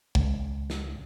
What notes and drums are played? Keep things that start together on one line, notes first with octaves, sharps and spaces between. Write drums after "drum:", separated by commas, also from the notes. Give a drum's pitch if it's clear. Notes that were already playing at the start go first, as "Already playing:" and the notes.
C#2, drum: kick
drum: snare